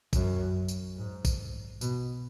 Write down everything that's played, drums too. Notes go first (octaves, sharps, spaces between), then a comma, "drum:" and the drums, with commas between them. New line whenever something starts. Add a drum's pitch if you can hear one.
F#2, drum: kick, tambourine
drum: tambourine
G#2
drum: kick, tambourine
B2, drum: tambourine